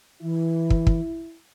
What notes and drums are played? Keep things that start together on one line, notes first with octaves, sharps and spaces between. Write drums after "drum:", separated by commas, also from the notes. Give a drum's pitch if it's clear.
E3 E4
drum: kick
drum: kick